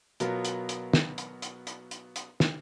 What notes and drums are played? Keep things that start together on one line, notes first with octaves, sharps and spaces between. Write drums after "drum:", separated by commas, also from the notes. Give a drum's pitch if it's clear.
B2 F#3 B3 F4 A#4, drum: hi-hat
drum: hi-hat
drum: hi-hat
drum: snare
drum: hi-hat
drum: hi-hat
drum: hi-hat
drum: hi-hat
drum: hi-hat
drum: snare